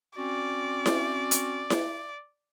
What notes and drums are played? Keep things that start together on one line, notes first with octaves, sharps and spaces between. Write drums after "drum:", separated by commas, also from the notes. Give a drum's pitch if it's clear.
C4 C#4 F#4 D5
drum: snare E4
drum: hi-hat
drum: snare E4